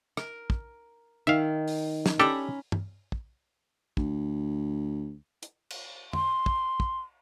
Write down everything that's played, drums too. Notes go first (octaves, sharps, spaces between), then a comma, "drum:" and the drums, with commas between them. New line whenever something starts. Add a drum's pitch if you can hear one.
A#4, drum: rim click
drum: kick
D#3 E5 F5
drum: open hi-hat
drum: snare
C#4 D4 G4 A4 A#5 B5
drum: tom
drum: kick
D2, drum: kick
drum: hi-hat
drum: cymbal
C6, drum: tom
drum: kick
drum: kick